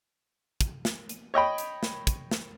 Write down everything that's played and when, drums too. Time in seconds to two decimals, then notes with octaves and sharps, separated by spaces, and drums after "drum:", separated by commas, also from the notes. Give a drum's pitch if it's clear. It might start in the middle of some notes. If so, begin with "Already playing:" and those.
0.61 drum: kick, hi-hat
0.85 drum: snare
1.09 drum: hi-hat
1.34 C#5 D#5 G5 B5
1.58 drum: hi-hat
1.83 drum: snare
2.07 drum: kick, hi-hat
2.31 drum: snare